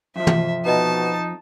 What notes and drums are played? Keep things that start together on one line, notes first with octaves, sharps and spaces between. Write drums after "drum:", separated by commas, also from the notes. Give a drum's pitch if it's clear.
F2 F3 E5
drum: tom
B2 D#4 A5